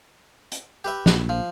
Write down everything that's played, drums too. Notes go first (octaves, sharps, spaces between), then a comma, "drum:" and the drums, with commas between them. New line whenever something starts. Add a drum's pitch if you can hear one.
drum: hi-hat
G4 B4 E5
A#1, drum: snare
F3